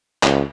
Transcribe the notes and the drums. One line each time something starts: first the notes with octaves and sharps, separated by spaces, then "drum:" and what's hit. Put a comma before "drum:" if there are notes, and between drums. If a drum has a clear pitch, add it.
C#2, drum: clap